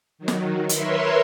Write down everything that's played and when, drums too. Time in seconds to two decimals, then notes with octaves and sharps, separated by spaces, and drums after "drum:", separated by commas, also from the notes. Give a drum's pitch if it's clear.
0.18 D#3 F#3
0.28 drum: snare
0.69 A#4 B4 C#5 E5 C6, drum: hi-hat